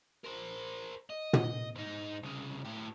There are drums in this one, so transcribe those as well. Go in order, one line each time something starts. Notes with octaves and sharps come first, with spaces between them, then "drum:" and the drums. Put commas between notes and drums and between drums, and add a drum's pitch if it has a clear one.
A#4 C5
D#5
drum: tom
G#2 D#4
C2 C#3
A2 G4